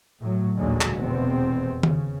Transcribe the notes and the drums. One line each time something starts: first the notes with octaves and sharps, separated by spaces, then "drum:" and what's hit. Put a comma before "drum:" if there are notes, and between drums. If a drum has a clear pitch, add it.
A2 F#3
A#1 D#2 A#2 D3 F#3 G#3
drum: clap
F1 E2 B2 B3 C4
C#3, drum: tom D#3